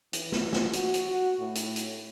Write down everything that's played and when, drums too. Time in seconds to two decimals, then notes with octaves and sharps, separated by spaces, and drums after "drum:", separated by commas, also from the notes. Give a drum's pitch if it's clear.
0.13 E3, drum: hi-hat
0.32 drum: snare
0.53 drum: snare
0.73 F#4, drum: hi-hat
0.94 drum: hi-hat
1.09 F#4
1.39 A2
1.55 drum: hi-hat
1.76 drum: hi-hat